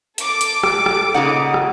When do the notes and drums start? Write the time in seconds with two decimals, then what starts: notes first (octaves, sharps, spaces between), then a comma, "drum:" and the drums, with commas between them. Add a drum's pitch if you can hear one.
0.18 A4 D6, drum: hi-hat
0.41 drum: hi-hat
0.63 drum: rim click
0.86 drum: rim click
1.14 A#2 C#3 D#4 F#5
1.54 drum: rim click